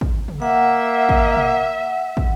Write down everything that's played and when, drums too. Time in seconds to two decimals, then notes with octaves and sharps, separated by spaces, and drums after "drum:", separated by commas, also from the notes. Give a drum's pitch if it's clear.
0.01 drum: kick
0.28 drum: tom
0.42 A#3 E5 F#5
1.09 drum: kick
1.36 drum: tom
2.17 drum: kick